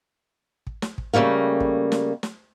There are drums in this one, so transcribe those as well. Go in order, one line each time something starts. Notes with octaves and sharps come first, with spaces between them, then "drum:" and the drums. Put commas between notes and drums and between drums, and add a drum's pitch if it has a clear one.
drum: kick
drum: snare
drum: kick
C#3 F3 G3 A3 A#3
drum: kick
drum: snare
drum: snare